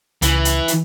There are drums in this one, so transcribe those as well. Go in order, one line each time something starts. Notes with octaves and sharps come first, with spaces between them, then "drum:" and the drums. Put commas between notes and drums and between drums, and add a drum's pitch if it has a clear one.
C#2 E3, drum: hi-hat
drum: hi-hat
drum: hi-hat